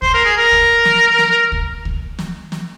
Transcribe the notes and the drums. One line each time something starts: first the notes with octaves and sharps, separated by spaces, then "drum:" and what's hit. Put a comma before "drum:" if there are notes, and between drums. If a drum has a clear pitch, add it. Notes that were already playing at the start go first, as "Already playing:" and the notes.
C5, drum: kick C#2
A#4
G#4
A#4
drum: kick C#2
drum: snare
drum: snare
A#4
drum: kick C#2
drum: kick C#2
drum: snare
drum: snare